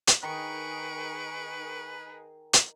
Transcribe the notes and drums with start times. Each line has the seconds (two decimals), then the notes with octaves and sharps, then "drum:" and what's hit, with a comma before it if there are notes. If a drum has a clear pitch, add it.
0.07 drum: hi-hat
0.23 D#3 D#4 G#4 A#4 B4 C#6 D7
2.53 drum: hi-hat